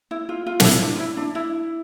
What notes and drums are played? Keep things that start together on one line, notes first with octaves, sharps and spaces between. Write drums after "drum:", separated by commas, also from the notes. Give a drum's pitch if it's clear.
E4
F4
F4
D4, drum: snare
E4
D4
F4
E4
D4
E4